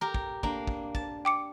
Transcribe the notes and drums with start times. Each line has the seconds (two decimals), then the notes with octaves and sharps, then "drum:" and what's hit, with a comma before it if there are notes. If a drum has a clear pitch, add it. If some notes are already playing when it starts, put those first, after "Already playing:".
0.01 G4 A#4
0.14 drum: kick
0.43 A#3 D4, drum: kick
0.67 drum: kick
0.95 A5, drum: kick
1.25 G5 D6 C#7